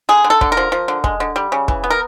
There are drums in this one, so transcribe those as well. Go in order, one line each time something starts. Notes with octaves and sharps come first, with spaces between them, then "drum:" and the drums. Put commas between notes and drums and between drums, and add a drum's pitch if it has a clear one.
D3 G#4
D3
A4
D3, drum: kick
A#4
F3
F3
D3
G#3, drum: kick
D3
G3
C#3
E3, drum: kick
B3
A#4